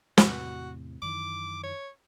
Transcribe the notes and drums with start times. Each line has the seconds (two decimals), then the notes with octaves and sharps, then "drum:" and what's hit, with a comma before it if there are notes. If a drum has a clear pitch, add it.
0.18 E2 A2 C3 F#4, drum: snare
1.02 F#2 D#3 E3 D6
1.64 C#5